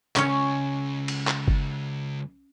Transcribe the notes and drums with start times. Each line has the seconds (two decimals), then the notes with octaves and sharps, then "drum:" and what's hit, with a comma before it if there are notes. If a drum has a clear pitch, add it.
0.16 C#2 C#4 C#5, drum: clap
1.08 drum: cymbal
1.27 drum: clap
1.48 drum: kick F#1